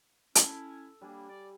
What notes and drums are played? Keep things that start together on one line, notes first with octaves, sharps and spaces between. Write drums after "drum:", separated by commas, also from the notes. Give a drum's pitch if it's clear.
C#4 E4 A4, drum: hi-hat
G3 A#3 D4 G#5
D5